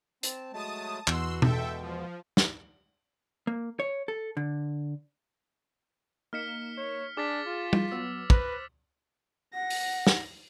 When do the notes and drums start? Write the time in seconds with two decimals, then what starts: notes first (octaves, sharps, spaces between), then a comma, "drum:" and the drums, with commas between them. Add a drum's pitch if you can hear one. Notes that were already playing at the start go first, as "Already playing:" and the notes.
0.23 C4 A5, drum: hi-hat
0.53 F#3 G#3 A3 A5 D#6
1.08 E2 B2 F#4 C6 E6 F#6, drum: clap
1.42 B2 G#3 A4 E5 G5, drum: tom B2
1.82 F3
2.37 drum: snare
3.47 A#3
3.80 C#5
4.08 A4
4.37 D3
6.33 A#3 D#4 F6 B6 C#7 E7
6.77 C#5
7.17 D4 G#4 D6 A6 B6
7.47 F4
7.73 drum: tom
7.92 F#3 B3 E6
8.30 B4 C5 F#6 A#6, drum: kick
9.54 F#5 A#6
9.70 drum: open hi-hat
10.07 drum: snare